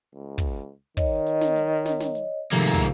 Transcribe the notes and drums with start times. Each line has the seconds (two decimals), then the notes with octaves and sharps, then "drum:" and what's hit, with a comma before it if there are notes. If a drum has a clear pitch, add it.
0.14 C#2
0.38 drum: kick, hi-hat
0.97 D#3 C#5 D#5, drum: kick, open hi-hat
1.27 drum: hi-hat
1.41 drum: snare
1.56 drum: hi-hat
1.86 drum: snare
2.00 drum: snare
2.15 drum: hi-hat
2.51 G#2 C3 D#3 F3 A3 A#3
2.74 drum: kick, hi-hat